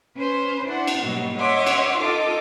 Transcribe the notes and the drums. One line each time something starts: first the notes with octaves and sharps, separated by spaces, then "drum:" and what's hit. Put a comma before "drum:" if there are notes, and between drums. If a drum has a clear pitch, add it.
C#4 B4 C5
D4 E4 C5 F#5
drum: cymbal
G#2 B2 F#3 G3 A#3 D#4
C#5 D#5 E5 F#5 C6 D6
drum: cymbal
D#4 F4 A4 D#5 D6